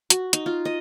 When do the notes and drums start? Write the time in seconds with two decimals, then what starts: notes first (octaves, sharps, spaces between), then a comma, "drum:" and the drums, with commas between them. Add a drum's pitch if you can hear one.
0.10 F#4, drum: hi-hat
0.33 D#4, drum: hi-hat
0.46 F4
0.65 D#5